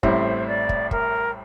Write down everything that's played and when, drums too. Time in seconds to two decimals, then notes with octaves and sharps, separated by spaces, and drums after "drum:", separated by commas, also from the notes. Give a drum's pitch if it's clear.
0.03 A1 A2 G3 C4 E4 C5, drum: kick
0.47 D5
0.69 drum: kick
0.91 A#4, drum: kick